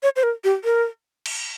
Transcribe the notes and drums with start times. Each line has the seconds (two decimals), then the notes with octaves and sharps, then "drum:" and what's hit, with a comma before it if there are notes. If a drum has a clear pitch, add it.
0.03 C#5
0.16 C5
0.23 A#4
0.44 G4
0.64 A#4
1.26 drum: cymbal